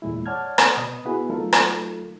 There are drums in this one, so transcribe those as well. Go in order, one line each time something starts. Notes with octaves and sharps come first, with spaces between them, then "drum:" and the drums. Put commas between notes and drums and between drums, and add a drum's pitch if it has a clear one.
E2 A#2 G#3 E4
C#5 D5 F#5 A5 F6 G#6
drum: rim click
B2 B4 D#5 D#6
B3 E4 F#4 G#4 B4
F#3 A3 D#4 F4 A4 A#4
drum: rim click